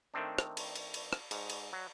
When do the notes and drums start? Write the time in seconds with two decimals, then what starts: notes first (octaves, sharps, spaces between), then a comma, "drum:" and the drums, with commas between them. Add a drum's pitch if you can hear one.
0.14 D#3 A3 C4 D4
0.39 drum: rim click
0.57 drum: cymbal
0.76 drum: cymbal
0.94 drum: cymbal
1.13 drum: rim click
1.31 G#2, drum: cymbal
1.50 drum: cymbal
1.73 F#3